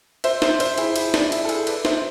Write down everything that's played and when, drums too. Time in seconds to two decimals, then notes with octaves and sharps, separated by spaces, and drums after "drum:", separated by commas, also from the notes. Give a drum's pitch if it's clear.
0.24 C5 E5, drum: cymbal
0.42 C5 E5, drum: snare
0.60 C5 E5, drum: cymbal
0.78 E4 G#4, drum: cymbal
0.96 E4, drum: cymbal
1.14 D4, drum: snare
1.32 E4, drum: cymbal
1.45 A4
1.49 E4 G#4, drum: cymbal
1.67 B4 D5, drum: cymbal
1.85 C5 E5, drum: snare